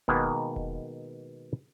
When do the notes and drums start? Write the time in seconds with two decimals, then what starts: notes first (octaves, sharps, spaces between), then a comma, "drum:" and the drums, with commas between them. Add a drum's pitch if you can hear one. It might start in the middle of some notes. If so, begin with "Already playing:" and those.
0.08 B2 D#3 G#3 A#3 B3, drum: kick E1
0.56 drum: kick E1